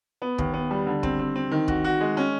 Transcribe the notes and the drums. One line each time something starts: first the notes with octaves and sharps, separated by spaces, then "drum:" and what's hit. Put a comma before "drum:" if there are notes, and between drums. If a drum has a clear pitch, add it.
B3
D#2, drum: kick
B3
G3
D3
C4, drum: kick
C4
C4
D#3
F#4, drum: kick
F#4
G#3
C#4